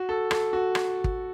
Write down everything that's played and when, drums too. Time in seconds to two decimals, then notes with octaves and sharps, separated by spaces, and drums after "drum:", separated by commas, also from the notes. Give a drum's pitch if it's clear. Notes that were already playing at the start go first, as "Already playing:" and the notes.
Already playing: F#4
0.09 A4
0.31 A4, drum: rim click
0.53 F#4
0.75 drum: rim click
1.04 drum: kick